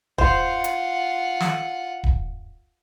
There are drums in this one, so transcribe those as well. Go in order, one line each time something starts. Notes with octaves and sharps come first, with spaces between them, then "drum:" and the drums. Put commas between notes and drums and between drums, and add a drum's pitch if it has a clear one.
F4 C5 F#5, drum: kick D#1
drum: hi-hat
drum: snare
drum: kick D#1